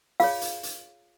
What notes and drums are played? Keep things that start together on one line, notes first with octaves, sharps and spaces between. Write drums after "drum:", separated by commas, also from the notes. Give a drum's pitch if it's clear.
F4 G#4 C#5 F5, drum: open hi-hat
drum: hi-hat
drum: hi-hat